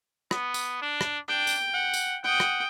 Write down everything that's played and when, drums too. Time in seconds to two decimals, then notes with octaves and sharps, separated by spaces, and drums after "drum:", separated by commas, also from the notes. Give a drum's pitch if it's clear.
0.31 B3, drum: rim click
0.54 drum: tambourine
0.82 D4
1.01 drum: rim click
1.29 D4 G5
1.47 drum: tambourine
1.74 F#5
1.94 drum: tambourine
2.24 F#5 G5 D#6
2.40 drum: rim click